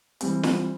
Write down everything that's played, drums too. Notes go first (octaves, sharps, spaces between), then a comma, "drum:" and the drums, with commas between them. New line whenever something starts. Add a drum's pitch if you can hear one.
E3 G3 C4, drum: hi-hat
drum: snare